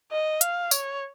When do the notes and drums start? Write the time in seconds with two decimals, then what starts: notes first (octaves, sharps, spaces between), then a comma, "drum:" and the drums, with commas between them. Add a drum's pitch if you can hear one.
0.12 D#5
0.41 F5, drum: hi-hat
0.71 C#5, drum: tambourine